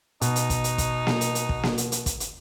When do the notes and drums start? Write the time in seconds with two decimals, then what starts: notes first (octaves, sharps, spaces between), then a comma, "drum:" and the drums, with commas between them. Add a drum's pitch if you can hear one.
0.21 B2 D#4, drum: hi-hat
0.36 drum: hi-hat
0.50 drum: kick, hi-hat
0.64 drum: hi-hat
0.78 drum: kick, hi-hat
1.07 drum: snare A#3
1.21 drum: hi-hat
1.35 drum: hi-hat
1.49 drum: kick
1.63 drum: snare A#3
1.78 drum: hi-hat
1.92 drum: hi-hat
2.06 drum: kick, hi-hat
2.20 drum: hi-hat